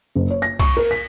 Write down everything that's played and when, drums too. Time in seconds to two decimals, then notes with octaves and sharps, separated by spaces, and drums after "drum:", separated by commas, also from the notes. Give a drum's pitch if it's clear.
0.15 F#1
0.30 C#5
0.42 A#6
0.60 C#6, drum: kick, cymbal
0.77 A#4
0.91 B6